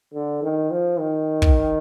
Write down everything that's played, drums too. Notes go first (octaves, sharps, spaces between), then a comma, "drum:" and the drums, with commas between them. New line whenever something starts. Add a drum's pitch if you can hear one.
D3
D#3
F3
D#3
drum: kick